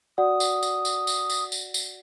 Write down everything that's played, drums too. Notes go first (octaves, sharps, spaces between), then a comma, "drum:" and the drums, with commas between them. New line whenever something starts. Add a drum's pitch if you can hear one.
F#4 D5 F#5 D#6
drum: tambourine
drum: tambourine
drum: tambourine
drum: tambourine
drum: tambourine
drum: tambourine
drum: tambourine